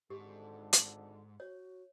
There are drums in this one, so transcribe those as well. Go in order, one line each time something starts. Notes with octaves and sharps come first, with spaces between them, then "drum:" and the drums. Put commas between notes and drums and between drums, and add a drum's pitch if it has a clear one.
G#1 G#2 D3 G4 A4
drum: hi-hat
F#4 C#5